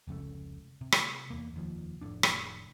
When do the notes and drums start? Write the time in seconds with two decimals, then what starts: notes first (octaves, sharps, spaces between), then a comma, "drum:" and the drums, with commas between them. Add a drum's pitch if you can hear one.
0.08 F1 C#2 C#3 A3
0.81 C3
0.92 drum: rim click
1.30 E2 A#3
1.54 F1 D#2 F3
2.01 F1 A2 D4
2.23 drum: rim click